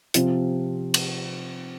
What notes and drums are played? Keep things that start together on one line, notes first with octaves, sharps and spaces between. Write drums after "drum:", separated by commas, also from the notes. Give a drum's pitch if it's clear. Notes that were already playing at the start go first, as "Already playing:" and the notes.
C3 F3 C4 F4, drum: hi-hat
drum: cymbal